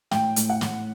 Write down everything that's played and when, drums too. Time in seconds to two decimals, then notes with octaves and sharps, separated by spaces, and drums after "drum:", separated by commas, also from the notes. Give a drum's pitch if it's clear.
0.11 A2 G5, drum: snare
0.36 A2, drum: hi-hat
0.49 F#5
0.61 A2, drum: snare